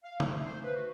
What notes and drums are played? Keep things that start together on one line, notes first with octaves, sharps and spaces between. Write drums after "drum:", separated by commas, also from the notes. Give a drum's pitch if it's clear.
F5
A3, drum: tom
C5
B4
F#4